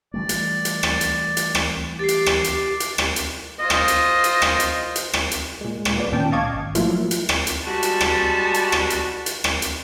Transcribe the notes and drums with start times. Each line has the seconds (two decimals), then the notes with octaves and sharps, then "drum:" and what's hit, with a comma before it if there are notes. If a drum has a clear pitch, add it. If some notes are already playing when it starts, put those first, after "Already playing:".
0.14 E3 G3 A3 D5
0.29 drum: hi-hat
0.65 drum: hi-hat
0.83 drum: rim click
1.01 drum: hi-hat
1.37 drum: hi-hat
1.55 drum: rim click
1.99 G4 D6 A6 C7
2.08 drum: hi-hat
2.26 drum: rim click
2.44 drum: hi-hat
2.80 drum: hi-hat
2.98 drum: rim click
3.16 drum: hi-hat
3.60 F4 C5 D#5
3.70 drum: rim click
3.88 drum: hi-hat
4.24 drum: hi-hat
4.42 drum: rim click
4.60 drum: hi-hat
4.96 drum: hi-hat
5.13 drum: rim click
5.31 drum: hi-hat
5.61 A#2 G#3
5.85 drum: rim click
5.96 F3 B3 D5
6.12 C#2 A#2 D#3 C#4 G5 A5
6.32 D#5 F5 A5 C#6 D6 G#6
6.52 G#1
6.75 F3 F#3 A3 A#3 E4 F4, drum: hi-hat
7.11 drum: hi-hat
7.29 drum: rim click
7.47 drum: hi-hat
7.67 G3 G#3 F#4 A5
7.83 drum: hi-hat
8.01 drum: rim click
8.54 drum: hi-hat
8.72 drum: rim click
8.90 drum: hi-hat
9.26 drum: hi-hat
9.44 drum: rim click
9.62 drum: hi-hat